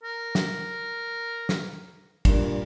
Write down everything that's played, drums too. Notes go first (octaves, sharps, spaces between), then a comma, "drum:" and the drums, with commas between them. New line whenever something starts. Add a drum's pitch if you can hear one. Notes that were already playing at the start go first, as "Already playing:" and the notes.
A#4
drum: snare
drum: snare
G2 A#2, drum: kick, cymbal